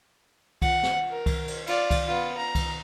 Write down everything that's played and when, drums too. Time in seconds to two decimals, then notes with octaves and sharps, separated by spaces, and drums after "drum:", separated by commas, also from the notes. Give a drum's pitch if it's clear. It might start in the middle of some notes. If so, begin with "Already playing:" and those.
0.62 F#5, drum: kick C2, cymbal
0.83 drum: snare
1.10 A#4
1.26 drum: kick C2, cymbal
1.48 drum: cymbal
1.67 F4 D5, drum: cymbal
1.91 drum: kick C2, cymbal
2.07 B3 F4
2.37 A#5
2.55 drum: kick C2, cymbal